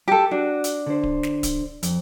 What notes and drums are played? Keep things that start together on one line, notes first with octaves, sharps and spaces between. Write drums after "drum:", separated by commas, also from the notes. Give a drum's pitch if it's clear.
G4 A4
D4 F#4
drum: hi-hat
D3 C5
drum: kick D1
drum: snare
drum: kick D1, hi-hat
F2, drum: hi-hat